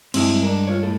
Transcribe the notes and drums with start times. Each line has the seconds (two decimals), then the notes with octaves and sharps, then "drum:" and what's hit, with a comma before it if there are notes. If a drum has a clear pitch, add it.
0.14 G2 G#3 C4 E4, drum: cymbal
0.43 D4 A#4
0.67 F4 A4 C#5
0.83 A2 A4